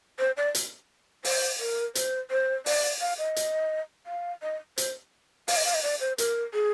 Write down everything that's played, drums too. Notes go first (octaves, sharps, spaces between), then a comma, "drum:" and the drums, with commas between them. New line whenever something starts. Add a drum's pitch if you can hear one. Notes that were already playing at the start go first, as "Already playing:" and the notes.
C5
D5
drum: hi-hat
C5, drum: open hi-hat
A#4
C5, drum: hi-hat
C5
D5, drum: open hi-hat
F5
D#5
drum: hi-hat
F5
D#5
C5, drum: hi-hat
F5, drum: open hi-hat
D#5
F5
D#5
D5
C5
A#4, drum: hi-hat
G#4